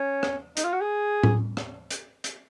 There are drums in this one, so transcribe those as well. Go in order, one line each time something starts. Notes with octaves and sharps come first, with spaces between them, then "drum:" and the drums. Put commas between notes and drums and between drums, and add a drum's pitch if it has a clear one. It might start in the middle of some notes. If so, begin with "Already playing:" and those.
Already playing: C#4
drum: rim click
D#4, drum: hi-hat
F4
F#4
G#4
drum: tom A2
drum: rim click
drum: hi-hat
drum: hi-hat